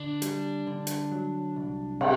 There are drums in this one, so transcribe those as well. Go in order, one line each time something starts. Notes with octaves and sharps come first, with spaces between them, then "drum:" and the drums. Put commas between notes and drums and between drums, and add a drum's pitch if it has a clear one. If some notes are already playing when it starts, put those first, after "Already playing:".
Already playing: D3 D4
G3, drum: hi-hat
D3
drum: hi-hat
F#3
C2
C3, drum: cymbal